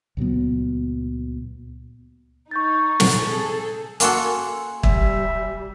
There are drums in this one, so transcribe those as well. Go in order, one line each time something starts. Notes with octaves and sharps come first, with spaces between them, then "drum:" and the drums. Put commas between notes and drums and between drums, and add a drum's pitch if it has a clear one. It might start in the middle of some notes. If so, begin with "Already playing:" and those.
C#2 A#2 F#3 B3
D#4 C#6 G6 A6
drum: snare
G#4 A4
A#3 F#4 A4 G#5 C6, drum: hi-hat
G3 E5, drum: kick